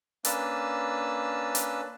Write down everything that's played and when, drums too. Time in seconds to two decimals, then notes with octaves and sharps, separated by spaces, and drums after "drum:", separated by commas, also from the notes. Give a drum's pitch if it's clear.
0.25 A#3 C#4 D4 B4 A5 E6, drum: hi-hat
1.55 drum: hi-hat